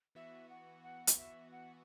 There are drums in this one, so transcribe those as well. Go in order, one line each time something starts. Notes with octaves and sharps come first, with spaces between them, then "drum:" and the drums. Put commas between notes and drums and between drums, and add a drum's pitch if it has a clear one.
E3 B3 F#4 E5
F#5
F#5
drum: hi-hat
E5
F#5